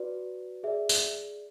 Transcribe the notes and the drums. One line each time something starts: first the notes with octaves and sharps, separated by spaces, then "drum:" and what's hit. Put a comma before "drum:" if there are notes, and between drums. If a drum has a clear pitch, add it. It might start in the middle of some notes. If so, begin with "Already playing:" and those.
Already playing: F#4 B4 D5
G#4 D5 E5
drum: tambourine